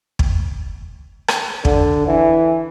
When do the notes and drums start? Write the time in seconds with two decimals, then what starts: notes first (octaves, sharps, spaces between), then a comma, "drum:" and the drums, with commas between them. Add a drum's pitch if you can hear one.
0.19 drum: kick
1.28 drum: rim click
1.65 D3, drum: kick
2.08 E3